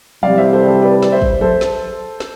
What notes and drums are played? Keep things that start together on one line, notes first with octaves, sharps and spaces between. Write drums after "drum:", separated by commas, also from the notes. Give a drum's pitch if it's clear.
C3 E3 G3 D5 F5, drum: tom F3
C5 E5
A4 C5
A4 C5
B4 D5
D5, drum: snare
C5 E5
drum: kick
A4 C5, drum: tom F3
drum: snare
drum: snare